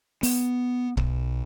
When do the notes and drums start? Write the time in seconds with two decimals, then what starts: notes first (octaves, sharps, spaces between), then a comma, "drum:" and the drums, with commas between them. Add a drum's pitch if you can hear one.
0.23 B3, drum: open hi-hat
0.97 B1, drum: kick